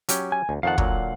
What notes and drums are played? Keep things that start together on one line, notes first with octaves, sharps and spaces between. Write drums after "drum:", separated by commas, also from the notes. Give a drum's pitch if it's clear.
F#3 C#4 G4, drum: hi-hat
G#5
D2
F2 D#3 F5 F#5 A5
A#2 D3 F#3, drum: kick